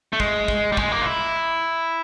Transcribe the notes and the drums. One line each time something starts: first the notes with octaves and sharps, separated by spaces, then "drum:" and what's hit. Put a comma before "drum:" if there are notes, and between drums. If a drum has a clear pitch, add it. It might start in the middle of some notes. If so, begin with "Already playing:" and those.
A3
G#3, drum: kick
drum: kick
G3
G#3, drum: kick
A#3
F4
E4